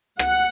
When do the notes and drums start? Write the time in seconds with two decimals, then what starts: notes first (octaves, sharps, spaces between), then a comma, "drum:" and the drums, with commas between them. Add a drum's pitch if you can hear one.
0.19 F#5, drum: rim click